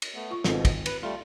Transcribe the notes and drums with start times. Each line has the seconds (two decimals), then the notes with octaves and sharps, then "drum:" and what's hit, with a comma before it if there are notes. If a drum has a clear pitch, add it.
0.02 drum: cymbal
0.15 A3 B3
0.31 F4 C#6
0.44 G#1 G#2 B2 C4 F4 A4, drum: snare
0.65 drum: kick, cymbal
0.86 B4, drum: cymbal
1.03 G3 A3 F4